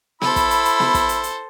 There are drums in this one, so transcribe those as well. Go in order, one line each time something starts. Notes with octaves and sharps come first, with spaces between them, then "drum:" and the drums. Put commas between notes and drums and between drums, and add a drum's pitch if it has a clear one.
E4 A4 C5 B5, drum: snare B3
drum: kick, hi-hat
drum: hi-hat
drum: hi-hat
drum: snare B3
drum: kick, hi-hat
drum: hi-hat
drum: hi-hat